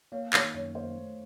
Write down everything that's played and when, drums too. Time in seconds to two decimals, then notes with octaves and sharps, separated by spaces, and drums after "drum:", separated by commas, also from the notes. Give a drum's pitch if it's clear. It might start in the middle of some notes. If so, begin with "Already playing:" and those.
0.12 A#3 C#5 F5
0.33 D#3 C#5, drum: clap
0.54 F#2 C#5
0.75 A#3 C5
0.97 A3